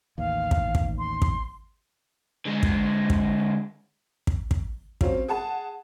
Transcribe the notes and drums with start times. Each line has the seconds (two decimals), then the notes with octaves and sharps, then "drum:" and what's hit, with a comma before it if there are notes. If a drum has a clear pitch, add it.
0.18 A1 D#2 F5
0.51 drum: kick
0.75 drum: kick
0.98 C6
1.22 drum: kick
2.45 D3 G#3
2.63 drum: kick
3.10 drum: kick
4.27 drum: kick
4.51 drum: kick
5.01 F#3 C4 C#4 F4, drum: kick
5.28 G#4 F#5 A5